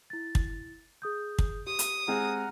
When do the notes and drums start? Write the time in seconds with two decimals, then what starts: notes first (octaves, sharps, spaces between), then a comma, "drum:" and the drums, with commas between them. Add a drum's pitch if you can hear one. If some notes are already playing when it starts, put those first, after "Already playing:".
0.10 E4 A6
0.35 drum: kick
1.02 G#4 D#6 G6
1.39 drum: kick
1.67 G4 D#6
1.79 drum: hi-hat
2.08 G#3 C4 F#5 G#5 A#5 F6